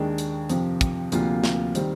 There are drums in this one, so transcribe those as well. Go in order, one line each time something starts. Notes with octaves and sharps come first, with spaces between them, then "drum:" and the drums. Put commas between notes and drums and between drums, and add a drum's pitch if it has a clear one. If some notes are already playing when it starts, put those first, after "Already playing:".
Already playing: D#2 D#3 G#3 D4
drum: hi-hat
F2 C3 F3, drum: hi-hat
drum: kick, hi-hat
D2 C3 F3 A#3 F4, drum: hi-hat
drum: snare
D#3 G3 C4, drum: hi-hat